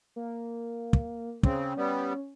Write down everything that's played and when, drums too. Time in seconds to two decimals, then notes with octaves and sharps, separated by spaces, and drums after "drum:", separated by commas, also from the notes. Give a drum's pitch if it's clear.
0.16 A#3
0.93 drum: kick
1.43 C#3 C4 C#4, drum: kick
1.77 G3 B3